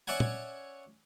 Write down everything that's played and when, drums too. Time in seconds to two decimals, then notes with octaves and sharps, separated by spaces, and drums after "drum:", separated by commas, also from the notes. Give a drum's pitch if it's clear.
0.07 C#4 C#5 D5 E5 F#5 G#5
0.20 drum: tom